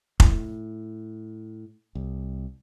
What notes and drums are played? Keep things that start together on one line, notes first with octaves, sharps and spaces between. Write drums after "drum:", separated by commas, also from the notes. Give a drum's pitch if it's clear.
A2, drum: kick F1
C2